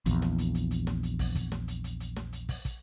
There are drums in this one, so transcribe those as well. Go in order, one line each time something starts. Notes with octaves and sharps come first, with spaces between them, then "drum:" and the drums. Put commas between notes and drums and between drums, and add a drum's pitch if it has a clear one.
A#1 E2, drum: kick, hi-hat
drum: snare
drum: hi-hat
drum: hi-hat
drum: hi-hat
drum: snare
drum: hi-hat
drum: kick, open hi-hat
drum: kick, hi-hat
drum: snare
drum: hi-hat
drum: hi-hat
drum: hi-hat
drum: snare
drum: hi-hat
drum: kick, open hi-hat
drum: kick, hi-hat